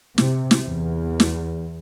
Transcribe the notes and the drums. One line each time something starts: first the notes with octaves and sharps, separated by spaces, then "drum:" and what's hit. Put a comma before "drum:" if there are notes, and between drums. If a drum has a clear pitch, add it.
C3, drum: snare
drum: snare
E2
drum: snare